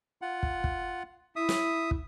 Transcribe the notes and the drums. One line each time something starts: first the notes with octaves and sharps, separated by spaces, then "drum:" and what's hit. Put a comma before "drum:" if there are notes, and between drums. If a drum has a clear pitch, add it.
F4 F#5
drum: kick
drum: kick
E4 E5 D#6
drum: snare
drum: kick